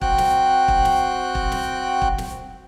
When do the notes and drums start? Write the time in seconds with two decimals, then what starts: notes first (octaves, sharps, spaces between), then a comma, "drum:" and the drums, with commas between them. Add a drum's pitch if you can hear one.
0.01 C4 F#4 G5 F#6, drum: kick
0.18 drum: snare
0.68 drum: kick
0.85 drum: snare
1.35 drum: kick
1.52 drum: snare
2.02 drum: kick
2.18 drum: snare